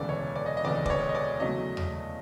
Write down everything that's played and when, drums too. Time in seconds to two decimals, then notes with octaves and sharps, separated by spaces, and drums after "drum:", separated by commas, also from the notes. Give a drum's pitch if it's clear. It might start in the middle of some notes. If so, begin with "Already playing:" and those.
Already playing: E1 D2 C#3 E3 D5
0.09 C#5
0.35 D5
0.46 D#5
0.57 D#5
0.64 E1 D2 C#3 E3 D5
0.86 D5, drum: kick
0.90 C#5
1.09 D#5
1.15 D5
1.40 E2 C#3 F#3 A3 D#5
1.77 drum: tom E2